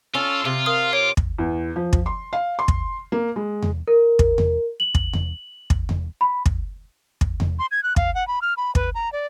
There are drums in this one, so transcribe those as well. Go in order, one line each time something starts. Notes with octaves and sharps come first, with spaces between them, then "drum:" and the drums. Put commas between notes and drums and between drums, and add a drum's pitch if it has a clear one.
C#4 F4 A4
C3 F4
A#4 F5 D#6
C#5 D6
drum: kick
E2
F3
drum: kick
C6
F5
C6
drum: kick
A#3
G#3
drum: tom E2
A#4
drum: kick
drum: tom E2
F#7
drum: kick
drum: tom E2
drum: kick
drum: tom E2
B5
drum: kick
drum: kick
drum: tom E2
C6
G#6
F#6
F5, drum: kick
F#5
B5
F6
B5
B4, drum: kick
A#5
D5